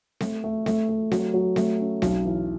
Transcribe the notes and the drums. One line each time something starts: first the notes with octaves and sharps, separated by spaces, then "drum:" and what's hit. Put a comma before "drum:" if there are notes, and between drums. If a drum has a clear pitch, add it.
A3, drum: snare C4
A3
A3, drum: snare C4
A3
F#3, drum: snare C4
F#3
A3, drum: snare C4
C#4
B1, drum: snare C4
E3